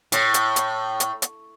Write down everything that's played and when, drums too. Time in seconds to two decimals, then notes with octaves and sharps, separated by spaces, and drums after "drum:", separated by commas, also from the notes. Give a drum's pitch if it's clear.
0.12 A2, drum: hi-hat
0.34 drum: hi-hat
0.56 drum: hi-hat
1.00 drum: hi-hat
1.22 drum: hi-hat